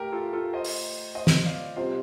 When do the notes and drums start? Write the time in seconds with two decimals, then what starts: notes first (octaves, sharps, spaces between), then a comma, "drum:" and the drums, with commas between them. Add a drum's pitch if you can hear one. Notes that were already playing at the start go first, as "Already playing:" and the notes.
Already playing: A2 A3 G4 A#4
0.12 F4 A4
0.33 F4 A4
0.53 C5 D#5
0.64 drum: open hi-hat
1.15 C5 D#5
1.27 drum: snare
1.46 D5 F5
1.76 C3 G3 C4 F4 C5 D#5